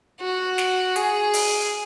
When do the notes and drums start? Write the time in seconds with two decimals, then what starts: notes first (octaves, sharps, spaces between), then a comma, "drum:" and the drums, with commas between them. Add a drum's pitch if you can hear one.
0.20 F#4
0.58 drum: snare
0.96 G#4, drum: hi-hat
1.33 drum: open hi-hat